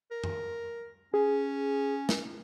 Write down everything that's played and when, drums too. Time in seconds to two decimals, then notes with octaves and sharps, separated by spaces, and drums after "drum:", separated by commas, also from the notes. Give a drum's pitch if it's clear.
0.11 A#4
0.24 drum: tom F#2
1.14 C#4 G#4
2.09 drum: snare